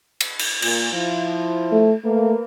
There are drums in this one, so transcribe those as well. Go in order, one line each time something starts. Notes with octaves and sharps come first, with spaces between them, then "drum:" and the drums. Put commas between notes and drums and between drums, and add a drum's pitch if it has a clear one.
drum: cymbal
drum: cymbal
A#2, drum: cymbal
F3 E4
A3
A3 A#3 B4